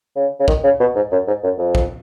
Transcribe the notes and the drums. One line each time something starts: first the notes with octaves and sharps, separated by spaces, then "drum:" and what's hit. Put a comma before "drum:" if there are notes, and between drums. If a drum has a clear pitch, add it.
C#3
C#3
D#3, drum: kick
C#3
B2
G#2
F#2
G#2
F#2
F2
drum: kick